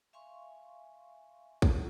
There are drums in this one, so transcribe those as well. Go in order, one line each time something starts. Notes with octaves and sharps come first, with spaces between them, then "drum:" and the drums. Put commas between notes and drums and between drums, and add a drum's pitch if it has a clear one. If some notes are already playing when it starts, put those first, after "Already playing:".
E5 F5 G#5 C6 C#6
drum: kick